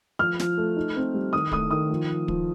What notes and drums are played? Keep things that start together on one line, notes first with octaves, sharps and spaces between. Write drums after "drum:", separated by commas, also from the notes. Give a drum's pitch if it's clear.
F3 F6
F3, drum: snare
A3
D#4
C4
G3
D#3 D#6
A3 D#6, drum: kick
D#3 D#6
F3
F3
F3, drum: kick